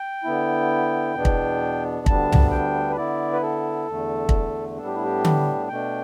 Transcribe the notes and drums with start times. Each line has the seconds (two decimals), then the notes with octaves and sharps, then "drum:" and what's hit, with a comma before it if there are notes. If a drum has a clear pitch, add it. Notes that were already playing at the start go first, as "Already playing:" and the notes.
Already playing: G5
0.24 D3 B3 E4
1.15 E2 B2 B3 D4
1.25 drum: kick
2.06 D2 D3 G3 B3 D4 A5, drum: kick
2.32 drum: tom
2.51 G5
2.90 B4
2.96 D3 B3 E4 D5
3.33 B4
3.42 A4
3.88 E2 D3 A3
4.29 drum: kick
4.78 A2 G3 B3 D4 A4
4.87 G4
4.95 E4
5.04 G4
5.25 drum: tom D3
5.69 B2 A3 D4 G5